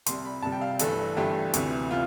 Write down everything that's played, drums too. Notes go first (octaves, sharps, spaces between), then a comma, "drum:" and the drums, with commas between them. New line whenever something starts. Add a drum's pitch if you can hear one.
C2 C3 G3 C6, drum: hi-hat
B5
C2 C3 G3 A5
G5
F5
G1 G2 E3 A3 A4, drum: hi-hat
G1 G2 E3 A3 G4
D2 C3 E3 A3, drum: hi-hat
C3 F4